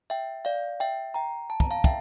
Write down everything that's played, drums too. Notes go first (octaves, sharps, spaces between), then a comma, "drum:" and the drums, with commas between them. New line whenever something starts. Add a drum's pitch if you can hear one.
E5 G5
D5 F5
E5 G5
G5 A#5
A5
A#5, drum: kick
F5 A5
E5 G5, drum: kick